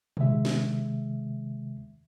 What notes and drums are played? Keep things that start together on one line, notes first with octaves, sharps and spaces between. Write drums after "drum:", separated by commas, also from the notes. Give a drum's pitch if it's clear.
C3 D#3 G#3 E5, drum: tom
drum: snare